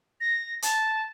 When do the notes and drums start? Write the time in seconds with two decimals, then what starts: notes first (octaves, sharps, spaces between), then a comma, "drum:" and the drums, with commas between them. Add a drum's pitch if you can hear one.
0.21 A#6
0.62 A5, drum: hi-hat